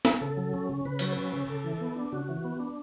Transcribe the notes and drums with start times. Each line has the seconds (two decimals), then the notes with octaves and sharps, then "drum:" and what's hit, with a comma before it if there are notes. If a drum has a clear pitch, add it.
0.05 drum: snare
0.21 C#3 A4
0.37 F#3
0.54 C#4
0.69 C#3
0.85 C#3 B4
0.99 F#3 C#5, drum: cymbal
1.12 C#4 B4
1.33 C#3
1.49 C#3 A4
1.64 E3
1.81 B3
1.96 D4
2.12 C#3 F#4
2.29 E3
2.44 B3
2.60 D4